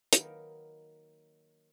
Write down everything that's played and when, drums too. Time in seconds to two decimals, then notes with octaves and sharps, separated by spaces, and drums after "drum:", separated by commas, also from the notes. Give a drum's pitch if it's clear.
0.13 D#3 F#3 A#3 A#4 B4, drum: hi-hat